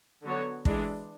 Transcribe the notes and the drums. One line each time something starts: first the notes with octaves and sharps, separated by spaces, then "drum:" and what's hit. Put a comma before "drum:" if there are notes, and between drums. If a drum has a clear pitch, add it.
D3 F#3 B3 F#4 C#5
E3 G#3 D4, drum: kick